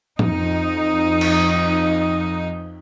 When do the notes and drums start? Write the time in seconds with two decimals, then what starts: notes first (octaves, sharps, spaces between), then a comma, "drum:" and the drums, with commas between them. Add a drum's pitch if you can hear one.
0.19 F2 D#4, drum: tom
1.21 drum: cymbal